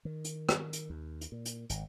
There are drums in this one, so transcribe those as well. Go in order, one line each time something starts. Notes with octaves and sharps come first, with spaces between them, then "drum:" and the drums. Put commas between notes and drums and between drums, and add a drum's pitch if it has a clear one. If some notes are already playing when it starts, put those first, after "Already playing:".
D#3
drum: hi-hat
drum: rim click
drum: hi-hat
D#2
drum: hi-hat
A#2
drum: hi-hat
G#1, drum: hi-hat